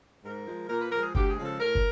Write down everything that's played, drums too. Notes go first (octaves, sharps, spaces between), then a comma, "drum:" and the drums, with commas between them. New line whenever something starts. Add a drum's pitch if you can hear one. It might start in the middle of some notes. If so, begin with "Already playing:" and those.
G#2 A#4
F3 G#3
A#2 A#4
B4
F3 G#3 A#4
G#4
D2 G4, drum: kick
G#4
C#3 F3 G#3
A4
A2 A#4
drum: kick